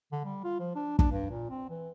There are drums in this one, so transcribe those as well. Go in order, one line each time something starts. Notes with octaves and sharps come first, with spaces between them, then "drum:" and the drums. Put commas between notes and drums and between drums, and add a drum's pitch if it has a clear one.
D3
G3
F4
F3
D4
D4, drum: kick
G2
A#2
C4
E3